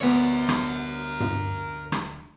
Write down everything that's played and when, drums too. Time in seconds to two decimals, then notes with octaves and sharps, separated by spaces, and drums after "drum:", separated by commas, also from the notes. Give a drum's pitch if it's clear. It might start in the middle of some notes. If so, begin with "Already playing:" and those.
0.01 D2 B3 A#4 C#5
0.49 drum: rim click
1.20 drum: tom G2
1.92 drum: rim click